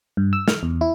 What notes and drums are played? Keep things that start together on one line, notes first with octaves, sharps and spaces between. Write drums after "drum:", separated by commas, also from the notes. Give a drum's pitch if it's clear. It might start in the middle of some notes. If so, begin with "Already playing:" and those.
G2
E6
F6, drum: snare
E2
E4